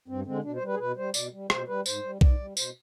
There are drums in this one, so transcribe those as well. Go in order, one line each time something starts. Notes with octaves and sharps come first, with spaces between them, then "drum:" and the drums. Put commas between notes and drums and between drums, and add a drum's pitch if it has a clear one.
G2 C4
D3 G#3 C4
B2 D4
C5
G3
B4
G#4
B2 B4
G3 C5
B2 D5, drum: tambourine
G3
B2 C5, drum: rim click
G3 B4
G#2 C5, drum: tambourine
G3
G#2 D5, drum: kick B1
G3
B2 C5, drum: tambourine